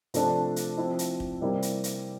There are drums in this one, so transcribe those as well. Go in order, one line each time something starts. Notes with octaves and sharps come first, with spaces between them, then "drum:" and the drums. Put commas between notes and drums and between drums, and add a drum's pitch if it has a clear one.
C3 F3 A3 D4, drum: hi-hat
drum: hi-hat
F3 C4 E4
drum: hi-hat
drum: kick
C3 G3 A#3 E4
drum: hi-hat
drum: hi-hat